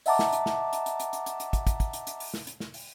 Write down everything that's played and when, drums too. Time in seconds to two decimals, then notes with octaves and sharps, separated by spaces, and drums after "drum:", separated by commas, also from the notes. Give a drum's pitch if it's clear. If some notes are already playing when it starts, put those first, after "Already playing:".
0.06 D#5 E5 F#5 A5 A#5 D6, drum: open hi-hat
0.19 drum: snare
0.32 drum: hi-hat
0.46 drum: snare
0.73 drum: hi-hat
0.86 drum: hi-hat
1.00 drum: hi-hat
1.13 drum: hi-hat
1.26 drum: hi-hat
1.40 drum: hi-hat
1.53 drum: kick, hi-hat
1.67 drum: kick, hi-hat
1.80 drum: kick, hi-hat
1.93 drum: hi-hat
2.07 drum: hi-hat
2.20 drum: open hi-hat
2.34 drum: snare
2.47 drum: hi-hat
2.60 drum: snare
2.74 drum: open hi-hat